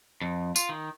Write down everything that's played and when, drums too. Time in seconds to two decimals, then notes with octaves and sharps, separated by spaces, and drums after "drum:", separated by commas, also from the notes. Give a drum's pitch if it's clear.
0.21 F2
0.56 F4, drum: tambourine
0.69 D#3